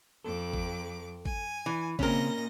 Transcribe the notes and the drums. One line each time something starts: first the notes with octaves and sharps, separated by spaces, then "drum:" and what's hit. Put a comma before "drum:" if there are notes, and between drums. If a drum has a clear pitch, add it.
F2 A4 D6
drum: kick
G#5, drum: kick
E3
A#2 C#3 C4 C#4 A#4 C5 D#5 A#6, drum: kick